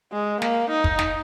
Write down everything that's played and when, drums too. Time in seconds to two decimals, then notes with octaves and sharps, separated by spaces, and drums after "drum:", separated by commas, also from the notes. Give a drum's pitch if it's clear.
0.12 G#3
0.42 A#3, drum: snare
0.70 D#4
0.84 drum: kick
0.99 drum: snare